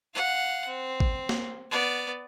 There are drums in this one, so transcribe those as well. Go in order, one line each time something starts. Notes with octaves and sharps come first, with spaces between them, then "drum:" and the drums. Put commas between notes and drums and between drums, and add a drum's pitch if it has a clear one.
F5 F#5
C4
drum: kick
drum: snare
B3 D5